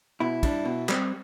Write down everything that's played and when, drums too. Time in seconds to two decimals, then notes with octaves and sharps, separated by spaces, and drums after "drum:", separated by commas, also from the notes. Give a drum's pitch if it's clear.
0.20 B2 E4
0.43 G3 D4, drum: kick, cymbal
0.65 B2
0.89 G3 C4, drum: clap